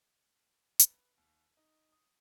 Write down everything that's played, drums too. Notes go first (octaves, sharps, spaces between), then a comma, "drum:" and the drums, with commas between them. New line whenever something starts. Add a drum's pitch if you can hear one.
B4, drum: hi-hat
D#2
D#4
D#6